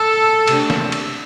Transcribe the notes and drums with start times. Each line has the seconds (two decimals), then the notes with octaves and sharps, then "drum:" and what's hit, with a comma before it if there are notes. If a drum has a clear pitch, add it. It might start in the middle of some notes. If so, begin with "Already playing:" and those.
Already playing: A4
0.47 C3 A3 D4, drum: cymbal
0.70 drum: snare
0.92 drum: cymbal